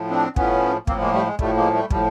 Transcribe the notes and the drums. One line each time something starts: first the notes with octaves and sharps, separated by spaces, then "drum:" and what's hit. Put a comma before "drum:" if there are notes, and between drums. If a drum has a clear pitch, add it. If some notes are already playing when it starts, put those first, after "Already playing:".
Already playing: A2 F3
C4 D4
A2 F3 B3 C#4, drum: kick
A2 F3 A#3 C4, drum: kick
G#3 A#3
G3 A3
G#3
A2 F3 G3 A3, drum: kick
G#3 A#3
G3 A3
A2 F3 G3, drum: kick